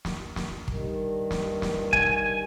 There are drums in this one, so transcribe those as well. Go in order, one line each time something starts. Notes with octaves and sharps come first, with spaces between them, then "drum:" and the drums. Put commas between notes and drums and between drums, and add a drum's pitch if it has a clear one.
drum: snare
drum: snare
G2 D#3, drum: kick
drum: snare
drum: snare
G#5, drum: kick